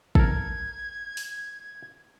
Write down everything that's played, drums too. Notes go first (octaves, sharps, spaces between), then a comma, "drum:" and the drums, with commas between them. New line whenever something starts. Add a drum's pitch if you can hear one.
A4 A#4 G#6, drum: kick
drum: open hi-hat